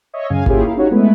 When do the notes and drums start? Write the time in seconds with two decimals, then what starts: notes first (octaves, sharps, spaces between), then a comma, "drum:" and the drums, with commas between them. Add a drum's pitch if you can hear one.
0.13 C#5 D#5 E5
0.30 F#2 C#3 F5 G#5
0.46 A#3 E4 F4 G4 G#4 C#5, drum: kick G#1
0.64 E4 A#4 E5 F5
0.77 C#4 D#4 F#4 G4 C#5
0.91 G#3 A3 B3 E4 B4